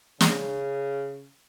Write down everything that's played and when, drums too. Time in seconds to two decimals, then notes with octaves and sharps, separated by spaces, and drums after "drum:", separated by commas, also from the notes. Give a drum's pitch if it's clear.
0.21 C#3, drum: snare